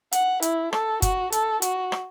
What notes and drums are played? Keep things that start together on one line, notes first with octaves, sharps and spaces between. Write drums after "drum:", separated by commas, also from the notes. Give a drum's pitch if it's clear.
F#5, drum: hi-hat
E4, drum: hi-hat
A4, drum: rim click
F#4, drum: kick F#1, hi-hat
A4, drum: hi-hat
F#4, drum: hi-hat
drum: rim click